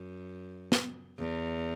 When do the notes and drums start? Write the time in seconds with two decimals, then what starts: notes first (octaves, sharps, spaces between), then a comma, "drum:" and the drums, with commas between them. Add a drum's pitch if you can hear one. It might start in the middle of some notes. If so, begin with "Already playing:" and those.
Already playing: F#2
0.72 drum: snare
1.18 E2